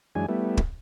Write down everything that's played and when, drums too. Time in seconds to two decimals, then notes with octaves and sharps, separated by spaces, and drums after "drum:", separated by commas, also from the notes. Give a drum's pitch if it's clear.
0.15 F#2 E3 G#3 D4 G#5
0.29 G3 A3 B3 E4
0.57 drum: kick